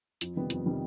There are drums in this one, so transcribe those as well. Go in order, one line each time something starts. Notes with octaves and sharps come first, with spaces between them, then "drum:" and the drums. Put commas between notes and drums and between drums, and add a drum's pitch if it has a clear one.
F2, drum: hi-hat
C3 D#3 G3 B3
F2, drum: hi-hat
C3 D#3 G3 B3